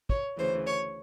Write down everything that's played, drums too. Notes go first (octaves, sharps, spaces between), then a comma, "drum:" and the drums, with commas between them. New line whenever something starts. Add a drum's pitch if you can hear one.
C#5, drum: kick
D2 C#3 E3 C5
C#5